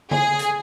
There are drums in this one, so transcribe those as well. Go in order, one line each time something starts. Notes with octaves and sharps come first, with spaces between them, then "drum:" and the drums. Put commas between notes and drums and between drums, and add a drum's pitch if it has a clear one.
G#4, drum: tom C#3
drum: hi-hat